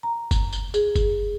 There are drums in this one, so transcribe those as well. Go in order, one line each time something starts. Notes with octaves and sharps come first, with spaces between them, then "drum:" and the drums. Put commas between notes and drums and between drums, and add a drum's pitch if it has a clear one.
A#5
drum: kick F#1, tambourine
drum: tambourine
G#4, drum: tambourine
drum: kick F#1, tambourine